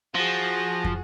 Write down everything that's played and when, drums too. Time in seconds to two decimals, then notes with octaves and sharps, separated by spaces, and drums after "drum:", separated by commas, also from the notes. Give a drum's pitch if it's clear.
0.15 F3 F#4 G#4 A#6
0.84 drum: kick